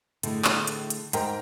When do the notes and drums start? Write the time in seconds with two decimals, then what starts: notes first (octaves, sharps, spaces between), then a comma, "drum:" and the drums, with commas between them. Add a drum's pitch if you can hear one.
0.23 A2 D3 G#3, drum: hi-hat
0.45 drum: clap
0.67 drum: hi-hat
0.90 drum: hi-hat
1.13 G#2 A#4 G5 A#5, drum: hi-hat